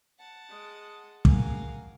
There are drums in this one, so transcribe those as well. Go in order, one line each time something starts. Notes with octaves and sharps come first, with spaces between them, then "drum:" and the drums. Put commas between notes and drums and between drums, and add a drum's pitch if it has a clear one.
F#5 A5
G#3 D#6
F#4 G#4 A#4 F5, drum: kick